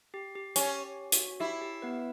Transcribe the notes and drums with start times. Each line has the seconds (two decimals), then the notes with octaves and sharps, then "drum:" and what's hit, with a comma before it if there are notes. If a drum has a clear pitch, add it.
0.14 G4
0.36 G4
0.56 C#4 G4, drum: hi-hat
0.84 G4
1.12 F#4, drum: hi-hat
1.40 E4 G4
1.62 G4
1.82 B3 B4